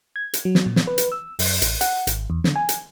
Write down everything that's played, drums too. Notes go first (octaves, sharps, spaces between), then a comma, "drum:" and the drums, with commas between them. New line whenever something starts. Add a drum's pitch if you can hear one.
G#6
drum: hi-hat
F#3
drum: snare
A#2
drum: snare
B4
drum: hi-hat
E6
F#2, drum: open hi-hat
A1, drum: hi-hat
F#5, drum: hi-hat
G#1, drum: hi-hat
E2
D3, drum: snare
G#5
drum: hi-hat